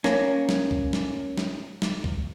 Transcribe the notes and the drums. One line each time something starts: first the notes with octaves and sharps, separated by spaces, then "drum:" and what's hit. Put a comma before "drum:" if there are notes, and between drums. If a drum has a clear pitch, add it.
A#3 C#4, drum: snare
drum: snare
drum: kick
drum: snare
drum: snare
drum: snare
drum: kick